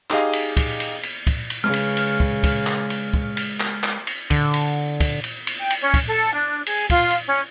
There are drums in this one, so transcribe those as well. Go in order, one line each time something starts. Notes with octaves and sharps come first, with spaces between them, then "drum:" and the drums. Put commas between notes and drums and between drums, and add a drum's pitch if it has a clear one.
D#4 G4 G#4 D#5 F5, drum: clap
drum: cymbal
drum: kick, cymbal
drum: cymbal
drum: cymbal
drum: kick, cymbal
drum: cymbal
C#3 G#3 B4 F6
drum: cymbal
drum: cymbal
drum: kick
drum: kick, cymbal
drum: clap
drum: cymbal
drum: kick
drum: cymbal
drum: clap
drum: clap
drum: cymbal
D3, drum: kick, cymbal
drum: cymbal
drum: kick, cymbal
drum: cymbal
drum: cymbal
G5
drum: cymbal
C#4
drum: kick, cymbal
A4
D4
G#4, drum: cymbal
F4, drum: kick, cymbal
drum: cymbal
C#4